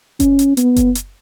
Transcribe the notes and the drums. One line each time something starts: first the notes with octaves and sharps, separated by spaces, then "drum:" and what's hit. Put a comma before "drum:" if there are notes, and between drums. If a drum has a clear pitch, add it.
C#4, drum: kick F#1, hi-hat
drum: hi-hat
B3, drum: hi-hat
drum: kick F#1, hi-hat
drum: hi-hat